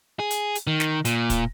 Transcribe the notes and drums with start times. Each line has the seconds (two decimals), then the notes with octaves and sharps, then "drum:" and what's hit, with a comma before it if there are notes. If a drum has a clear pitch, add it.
0.19 G#4
0.31 drum: hi-hat
0.55 drum: hi-hat
0.67 D#3
0.80 drum: snare
1.05 A#2, drum: hi-hat
1.30 drum: kick, hi-hat